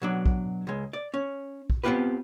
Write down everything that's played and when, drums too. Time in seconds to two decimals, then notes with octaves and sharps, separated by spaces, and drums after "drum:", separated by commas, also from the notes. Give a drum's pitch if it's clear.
0.02 B2 F#3 D4
0.26 drum: kick
0.67 C#2 G#3
0.93 D5
1.14 C#4
1.70 drum: kick
1.84 B3 C4 D4 F4 G4 B4